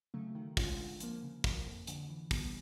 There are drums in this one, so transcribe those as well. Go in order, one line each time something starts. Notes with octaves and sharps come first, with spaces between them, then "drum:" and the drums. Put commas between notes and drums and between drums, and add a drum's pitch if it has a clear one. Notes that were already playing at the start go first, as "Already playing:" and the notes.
C#3 F#3 A3
D#3
G#3 C#4 F4, drum: kick, open hi-hat
D3
F3 A#3, drum: hi-hat
C#3
F3 A#3, drum: kick, open hi-hat
F2
D3 F3, drum: hi-hat
E3
G3 B3, drum: kick, open hi-hat